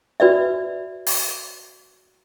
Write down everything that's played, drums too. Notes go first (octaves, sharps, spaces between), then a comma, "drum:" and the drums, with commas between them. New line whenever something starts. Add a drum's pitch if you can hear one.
F#4 B4 D5 E5
drum: open hi-hat